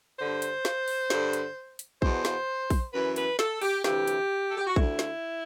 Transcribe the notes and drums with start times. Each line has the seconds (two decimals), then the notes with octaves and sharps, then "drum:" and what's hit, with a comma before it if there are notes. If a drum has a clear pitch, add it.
0.19 G2 D3 C5
0.42 drum: hi-hat
0.65 drum: snare
0.88 drum: open hi-hat
1.10 G2 D3, drum: snare
1.33 drum: hi-hat
1.79 drum: hi-hat
2.02 E2 B2 C5, drum: kick A#1
2.25 drum: snare
2.70 drum: kick A#1, open hi-hat
2.93 F#2 E3 B4
3.16 B4, drum: hi-hat
3.39 A4, drum: snare
3.62 G4, drum: open hi-hat
3.84 D2 C3 E3 G4, drum: snare
4.07 drum: hi-hat
4.48 A4
4.57 G4
4.67 F#4
4.76 D2 D3 E4, drum: kick A#1
4.99 drum: snare